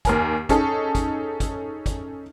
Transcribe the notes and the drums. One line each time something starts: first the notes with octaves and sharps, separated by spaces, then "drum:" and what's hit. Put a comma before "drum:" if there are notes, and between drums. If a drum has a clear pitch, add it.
D#2 A#4 G#5, drum: kick, hi-hat
C#4 D#4 G#4 A4, drum: kick, hi-hat
drum: kick, hi-hat
drum: kick, hi-hat
drum: kick, hi-hat